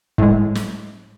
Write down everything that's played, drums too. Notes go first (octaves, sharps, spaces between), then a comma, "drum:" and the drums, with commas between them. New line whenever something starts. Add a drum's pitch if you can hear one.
A2 G#3, drum: kick F1
drum: snare